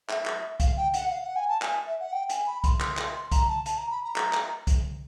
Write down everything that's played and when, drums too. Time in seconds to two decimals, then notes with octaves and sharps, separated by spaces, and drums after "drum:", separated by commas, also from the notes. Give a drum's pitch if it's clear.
0.09 E5, drum: clap
0.26 drum: clap
0.60 F5, drum: kick C2, hi-hat
0.77 G5
0.94 F#5, drum: hi-hat
1.10 F5
1.24 F#5
1.36 G#5
1.49 A5
1.62 G#5, drum: clap
1.87 E5
2.00 F#5
2.12 G5
2.30 G#5, drum: hi-hat
2.47 B5
2.64 C6, drum: kick C2, hi-hat
2.80 drum: clap
2.97 drum: clap
3.15 C6
3.32 A#5, drum: kick C2, hi-hat
3.48 A5
3.66 A5, drum: hi-hat
3.78 A#5
3.91 B5
4.04 A#5
4.16 drum: clap
4.33 drum: clap
4.67 drum: kick C2, hi-hat